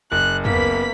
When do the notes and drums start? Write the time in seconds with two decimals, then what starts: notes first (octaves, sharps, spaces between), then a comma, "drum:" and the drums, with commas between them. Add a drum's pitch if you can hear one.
0.12 F#1 F#6
0.45 A#3 B3 B5 B6, drum: tom